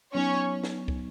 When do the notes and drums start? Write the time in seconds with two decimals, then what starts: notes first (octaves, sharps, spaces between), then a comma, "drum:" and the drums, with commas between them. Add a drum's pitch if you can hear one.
0.14 F#3 B3 C#4 D#4 C#5
0.64 drum: snare
0.88 drum: kick